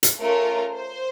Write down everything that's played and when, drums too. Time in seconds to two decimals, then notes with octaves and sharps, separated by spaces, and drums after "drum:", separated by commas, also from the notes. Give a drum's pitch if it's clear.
0.03 drum: hi-hat
0.20 A3 C#4 F4 A#4
0.74 C5